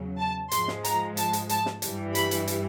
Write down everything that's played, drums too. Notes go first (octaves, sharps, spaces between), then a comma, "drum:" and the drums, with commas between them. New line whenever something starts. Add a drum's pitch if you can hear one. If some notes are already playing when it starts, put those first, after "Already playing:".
Already playing: E2 C#3 F#3
A5
G#2 F3 G#3 C6, drum: hi-hat
drum: snare
A#5, drum: hi-hat
A5, drum: hi-hat
drum: hi-hat
A5, drum: hi-hat
drum: snare
G2 E3 G3, drum: hi-hat
B5, drum: hi-hat
drum: hi-hat
drum: hi-hat